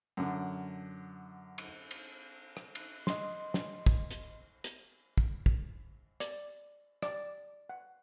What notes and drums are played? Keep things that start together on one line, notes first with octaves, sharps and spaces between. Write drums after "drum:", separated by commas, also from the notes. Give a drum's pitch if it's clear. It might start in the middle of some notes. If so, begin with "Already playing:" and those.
F#2 D3
drum: cymbal
drum: cymbal
drum: rim click
drum: cymbal
D#5 C6, drum: snare
drum: snare
drum: kick
drum: hi-hat
drum: hi-hat
drum: kick
drum: kick
D5, drum: hi-hat
D5, drum: rim click
F#5